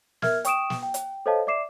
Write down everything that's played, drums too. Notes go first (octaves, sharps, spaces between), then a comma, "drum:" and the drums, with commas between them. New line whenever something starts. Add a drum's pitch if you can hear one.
A#4 E5 F6 G#6, drum: snare
G5 C#6 D#6 D7 E7, drum: hi-hat
drum: snare
G5
drum: hi-hat
A4 C5 C#5 D#5 F5 A5
D5 E5 D6 C7 E7